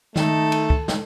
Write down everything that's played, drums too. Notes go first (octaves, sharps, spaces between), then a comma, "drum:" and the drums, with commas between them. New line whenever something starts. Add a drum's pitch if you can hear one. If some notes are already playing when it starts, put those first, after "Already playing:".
D#3 A3 D#4 A4, drum: snare
drum: cymbal
drum: kick
drum: snare